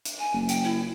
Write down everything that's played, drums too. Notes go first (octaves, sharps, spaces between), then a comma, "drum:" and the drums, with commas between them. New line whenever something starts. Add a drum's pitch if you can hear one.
drum: hi-hat
G#5
F#1
G5, drum: hi-hat
E4